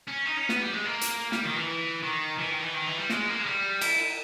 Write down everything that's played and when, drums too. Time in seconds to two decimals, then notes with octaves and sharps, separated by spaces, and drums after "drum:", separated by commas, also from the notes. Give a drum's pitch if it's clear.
0.08 C#4
0.26 D#4
0.37 C#4
0.49 B3, drum: snare
0.61 G3
0.73 G#3
0.85 A#3
1.01 drum: hi-hat
1.32 G3, drum: snare
1.45 D#3
1.56 E3
2.03 D#3
2.38 E3
2.51 D#3
2.62 E3
2.74 D#3
2.87 E3
2.98 G3
3.10 G#3, drum: snare
3.28 A#3
3.39 G#3
3.46 G3
3.81 E4, drum: cymbal